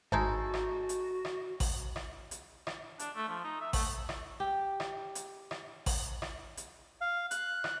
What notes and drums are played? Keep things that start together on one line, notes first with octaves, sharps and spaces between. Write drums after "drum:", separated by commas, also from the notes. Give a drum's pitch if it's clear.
G#1 G#3 D#4 F#4 A4
drum: rim click
drum: hi-hat
drum: rim click
drum: kick A1, open hi-hat
drum: rim click
drum: hi-hat
drum: rim click
D4, drum: hi-hat
A3
F3
D#4
E5
A3, drum: kick A1, open hi-hat
drum: rim click
G4
drum: rim click
drum: hi-hat
drum: rim click
drum: kick A1, open hi-hat
drum: rim click
drum: hi-hat
F5
F#6, drum: hi-hat
drum: rim click